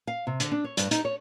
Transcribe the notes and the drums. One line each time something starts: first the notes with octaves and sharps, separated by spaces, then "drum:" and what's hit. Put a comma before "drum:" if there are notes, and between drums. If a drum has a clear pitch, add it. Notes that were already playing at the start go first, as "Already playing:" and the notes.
F5
C3
D3, drum: hi-hat
D4
C#5
G2, drum: hi-hat
D#4, drum: hi-hat
C#5